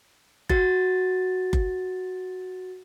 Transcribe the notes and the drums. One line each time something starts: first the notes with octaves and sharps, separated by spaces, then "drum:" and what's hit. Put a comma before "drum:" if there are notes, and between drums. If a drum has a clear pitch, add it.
F#4 A6, drum: kick F#1
drum: kick F#1